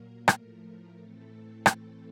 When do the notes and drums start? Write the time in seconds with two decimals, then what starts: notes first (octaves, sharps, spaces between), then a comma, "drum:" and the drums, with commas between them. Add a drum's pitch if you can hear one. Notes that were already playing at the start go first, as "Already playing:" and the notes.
Already playing: A#2 F#3 A#3 A#4
0.28 A2 F3 A3 A#4, drum: rim click
0.97 A2 E3 A3 C4 A4
1.66 drum: rim click